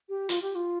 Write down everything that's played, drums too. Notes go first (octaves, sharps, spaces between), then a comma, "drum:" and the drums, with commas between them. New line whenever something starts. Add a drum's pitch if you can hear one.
G4
F4, drum: hi-hat
G4
F4